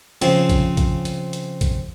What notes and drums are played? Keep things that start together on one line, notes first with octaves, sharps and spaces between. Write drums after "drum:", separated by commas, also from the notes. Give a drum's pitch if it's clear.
C#3 F3 C4 C#4 F4, drum: hi-hat
drum: kick, hi-hat
drum: kick, hi-hat
drum: hi-hat
drum: hi-hat
drum: kick, hi-hat